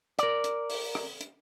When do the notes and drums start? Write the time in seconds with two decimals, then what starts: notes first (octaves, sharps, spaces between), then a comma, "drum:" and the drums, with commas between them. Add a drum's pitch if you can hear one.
0.19 A#4 D5, drum: hi-hat
0.44 drum: hi-hat
0.70 drum: open hi-hat
0.95 drum: rim click
1.21 drum: hi-hat